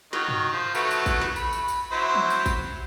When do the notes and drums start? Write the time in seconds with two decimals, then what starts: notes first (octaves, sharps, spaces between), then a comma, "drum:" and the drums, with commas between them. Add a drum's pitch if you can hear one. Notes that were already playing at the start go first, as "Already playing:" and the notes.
0.13 D#3 F#3, drum: snare
0.28 drum: tom G2
0.52 F3
0.75 F#3 A3 B3, drum: tambourine
0.91 drum: tambourine
1.06 drum: kick A1, tambourine
1.22 drum: snare
1.36 B5, drum: tambourine
1.53 drum: tambourine
1.68 drum: tambourine
1.92 F#3 E4 C5
2.15 drum: tom E3
2.30 drum: tambourine
2.46 drum: kick A1, tambourine